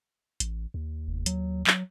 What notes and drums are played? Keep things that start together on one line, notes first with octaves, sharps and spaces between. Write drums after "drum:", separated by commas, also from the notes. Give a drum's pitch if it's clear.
A1, drum: hi-hat
D#2
F1
F#3, drum: hi-hat
F#3, drum: clap